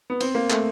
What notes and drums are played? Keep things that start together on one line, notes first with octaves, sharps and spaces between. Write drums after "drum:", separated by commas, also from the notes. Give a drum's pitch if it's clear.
B3
C4, drum: cymbal
A#3
A3, drum: clap